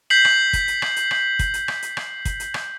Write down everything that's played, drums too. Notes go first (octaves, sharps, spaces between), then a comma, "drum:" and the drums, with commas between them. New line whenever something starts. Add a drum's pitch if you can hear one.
G6 B6 C7 F#7
drum: rim click
drum: kick, hi-hat
drum: hi-hat
drum: rim click
drum: hi-hat
drum: rim click
drum: kick, hi-hat
drum: hi-hat
drum: rim click
drum: hi-hat
drum: rim click
drum: kick, hi-hat
drum: hi-hat
drum: rim click